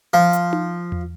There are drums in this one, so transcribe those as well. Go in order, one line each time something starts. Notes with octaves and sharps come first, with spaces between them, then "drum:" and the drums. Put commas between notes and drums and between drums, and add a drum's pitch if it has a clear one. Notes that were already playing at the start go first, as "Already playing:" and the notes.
F3
drum: hi-hat
drum: tom D#4
drum: tom E2